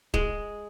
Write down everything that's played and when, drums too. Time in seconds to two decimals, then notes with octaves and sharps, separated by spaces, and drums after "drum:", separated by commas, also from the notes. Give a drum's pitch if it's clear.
0.14 G#3, drum: kick